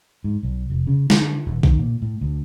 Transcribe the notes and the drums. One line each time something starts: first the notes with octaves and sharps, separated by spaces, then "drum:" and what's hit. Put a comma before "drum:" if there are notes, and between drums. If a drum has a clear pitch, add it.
G#2
B1
F1
C#3
D3, drum: snare
D#1
D#3, drum: kick B1
A#2
A2
D2